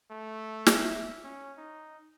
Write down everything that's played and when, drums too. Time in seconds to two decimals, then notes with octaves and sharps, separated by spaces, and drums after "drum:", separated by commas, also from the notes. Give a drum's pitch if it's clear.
0.10 A3
0.67 drum: snare
0.76 E5
1.24 C#4
1.57 D#4